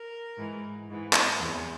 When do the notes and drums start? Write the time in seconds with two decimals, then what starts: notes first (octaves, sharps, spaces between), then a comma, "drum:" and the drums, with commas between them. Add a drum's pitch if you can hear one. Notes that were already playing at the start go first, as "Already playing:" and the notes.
Already playing: A#4
0.37 G#2 E3
0.88 G#2 E3
1.13 drum: clap
1.39 E2 C3 E3